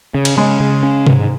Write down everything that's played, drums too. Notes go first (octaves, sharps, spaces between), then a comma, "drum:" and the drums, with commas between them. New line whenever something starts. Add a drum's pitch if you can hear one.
C#3
drum: cymbal
C#3 G#3
C#3
C#4
G#2, drum: tom C3